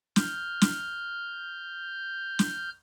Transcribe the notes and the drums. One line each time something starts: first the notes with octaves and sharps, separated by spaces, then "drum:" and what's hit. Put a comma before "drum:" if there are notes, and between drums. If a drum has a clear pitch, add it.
F6 G6, drum: snare
drum: snare
drum: snare